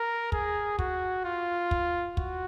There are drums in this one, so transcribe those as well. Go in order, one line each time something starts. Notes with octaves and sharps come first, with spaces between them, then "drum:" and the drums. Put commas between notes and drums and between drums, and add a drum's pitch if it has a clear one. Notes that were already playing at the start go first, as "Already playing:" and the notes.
Already playing: A#4
G#4, drum: kick
F#4, drum: kick
F4
drum: kick
F#4, drum: kick